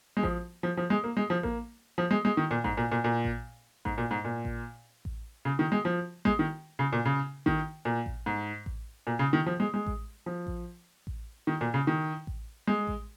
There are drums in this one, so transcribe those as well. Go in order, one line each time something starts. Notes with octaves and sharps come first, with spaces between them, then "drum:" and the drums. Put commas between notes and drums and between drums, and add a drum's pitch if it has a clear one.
G#3
F3, drum: kick A1
F3
F3
G#3
A#3
G#3
F3
A#3, drum: kick A1
F3
G#3
G#3
D#3
A#2
G#2, drum: kick A1
A#2
A#2
A#2
drum: kick A1
G#2, drum: kick A1
A#2
G#2
A#2
drum: kick A1
drum: kick A1
C#3
D#3
G#3
F3
G#3, drum: kick A1
D#3
C#3
A#2
C#3
D#3, drum: kick A1
A#2
drum: kick A1
G#2
drum: kick A1
A#2
C#3
D#3
F3
G#3
G#3
drum: kick A1
F3
drum: kick A1
drum: kick A1
D#3
A#2
C#3
D#3
drum: kick A1
G#3
drum: kick A1